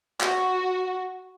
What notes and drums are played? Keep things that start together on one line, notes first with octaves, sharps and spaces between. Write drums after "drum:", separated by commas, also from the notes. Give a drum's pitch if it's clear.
F#4, drum: clap